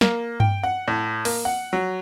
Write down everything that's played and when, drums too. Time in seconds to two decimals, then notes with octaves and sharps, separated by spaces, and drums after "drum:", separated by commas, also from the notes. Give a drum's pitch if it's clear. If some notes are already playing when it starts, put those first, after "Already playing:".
0.01 A#3, drum: snare
0.40 G5, drum: tom G2
0.63 F#5
0.88 A2
1.25 A#3, drum: open hi-hat
1.45 F#5
1.73 F#3